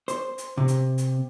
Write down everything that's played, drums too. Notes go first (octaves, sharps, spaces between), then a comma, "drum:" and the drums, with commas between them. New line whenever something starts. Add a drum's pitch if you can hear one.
C5, drum: hi-hat
drum: hi-hat
C3
drum: hi-hat
drum: hi-hat